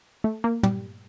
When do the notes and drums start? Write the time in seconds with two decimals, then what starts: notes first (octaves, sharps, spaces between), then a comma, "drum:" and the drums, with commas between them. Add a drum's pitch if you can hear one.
0.24 A3
0.44 A#3
0.63 G3, drum: tom